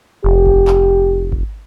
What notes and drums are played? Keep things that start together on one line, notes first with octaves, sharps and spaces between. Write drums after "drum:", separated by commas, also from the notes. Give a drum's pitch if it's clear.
F1 G4
drum: kick G#1
drum: clap
drum: kick G#1